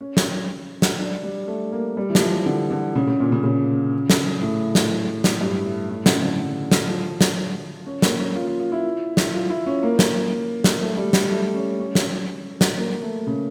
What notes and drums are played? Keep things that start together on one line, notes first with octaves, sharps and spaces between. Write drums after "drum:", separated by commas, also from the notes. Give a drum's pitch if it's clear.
C#4
drum: snare
drum: snare
D4
G3
A3
A#3
G3
E3
F3, drum: snare
E3
D3
D3
C#3
C#3
A#2
C#3
C#3
drum: snare
A2
drum: snare
drum: snare
G2
A2
A2
C#3, drum: snare
D3
drum: snare
F3
drum: snare
C#4
A#3, drum: snare
C#4
F4
F4
F4
E4
drum: snare
F4
E4
C#4
A#3
drum: snare
drum: snare
A3
G3
G3, drum: snare
A3
C#4
C#4
drum: snare
drum: snare
A#3
A3
C#3